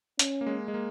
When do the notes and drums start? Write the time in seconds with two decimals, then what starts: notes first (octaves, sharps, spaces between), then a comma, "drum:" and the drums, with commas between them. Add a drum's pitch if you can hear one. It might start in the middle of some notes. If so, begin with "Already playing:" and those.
0.19 C#4, drum: hi-hat
0.41 A#3
0.46 G#3
0.68 G#3
0.74 A#3